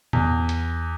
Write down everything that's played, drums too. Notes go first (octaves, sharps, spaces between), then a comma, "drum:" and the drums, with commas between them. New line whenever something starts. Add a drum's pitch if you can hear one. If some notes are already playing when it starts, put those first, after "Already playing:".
E2, drum: tom
drum: hi-hat